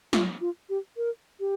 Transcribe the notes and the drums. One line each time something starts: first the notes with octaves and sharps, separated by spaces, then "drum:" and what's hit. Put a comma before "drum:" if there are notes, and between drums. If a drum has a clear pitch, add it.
F4, drum: snare
F4
G4
A#4
G4